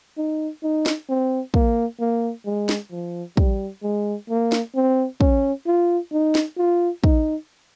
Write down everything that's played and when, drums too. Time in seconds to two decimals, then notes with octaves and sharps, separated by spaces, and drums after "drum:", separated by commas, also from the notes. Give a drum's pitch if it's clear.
0.17 D#4
0.63 D#4
0.86 drum: snare
1.09 C4
1.54 A#3, drum: kick
2.00 A#3
2.46 G#3
2.69 drum: snare
2.91 F3
3.37 G3, drum: kick
3.83 G#3
4.29 A#3
4.52 drum: snare
4.75 C4
5.21 C#4, drum: kick
5.67 F4
6.12 D#4
6.35 drum: snare
6.58 F4
7.04 D#4, drum: kick